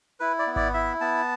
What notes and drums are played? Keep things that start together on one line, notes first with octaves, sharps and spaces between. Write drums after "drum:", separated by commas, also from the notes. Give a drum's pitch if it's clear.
E4 B4
D5
B3
D5, drum: kick G#1
E4 E5
B3 A5